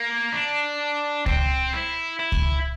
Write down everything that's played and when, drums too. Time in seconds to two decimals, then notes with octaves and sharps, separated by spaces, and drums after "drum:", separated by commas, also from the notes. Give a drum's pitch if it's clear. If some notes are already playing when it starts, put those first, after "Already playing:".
Already playing: A#3
0.32 D4
1.26 C4, drum: kick C#2
1.73 E4
2.19 E4
2.32 drum: kick C#2